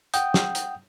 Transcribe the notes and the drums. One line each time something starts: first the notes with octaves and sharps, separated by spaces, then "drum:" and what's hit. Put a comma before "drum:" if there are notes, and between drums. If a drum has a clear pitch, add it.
F#5 G5 D#6 G6, drum: hi-hat
drum: snare
drum: hi-hat